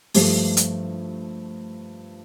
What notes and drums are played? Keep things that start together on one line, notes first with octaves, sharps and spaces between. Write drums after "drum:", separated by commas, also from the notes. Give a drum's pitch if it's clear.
G2 F3 A3, drum: open hi-hat
drum: hi-hat